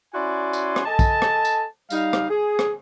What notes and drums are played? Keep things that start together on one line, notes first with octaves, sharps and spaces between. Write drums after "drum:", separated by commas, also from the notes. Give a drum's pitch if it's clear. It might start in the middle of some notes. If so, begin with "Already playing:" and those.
C#4 E4 F#4 D5 G#5 C6
drum: tambourine
drum: rim click
A4 D#5 G#5 A5
drum: kick, tambourine
drum: rim click
drum: tambourine
G3 D#4 F5, drum: tambourine
drum: rim click
G#4
drum: rim click